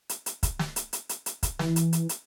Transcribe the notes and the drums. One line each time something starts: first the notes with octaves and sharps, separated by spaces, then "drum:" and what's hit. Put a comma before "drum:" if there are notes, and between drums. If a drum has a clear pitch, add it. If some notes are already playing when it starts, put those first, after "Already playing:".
drum: hi-hat
drum: hi-hat
drum: kick, hi-hat
drum: snare
drum: hi-hat
drum: hi-hat
drum: hi-hat
drum: hi-hat
drum: kick, hi-hat
E3, drum: snare
drum: hi-hat
drum: hi-hat
drum: hi-hat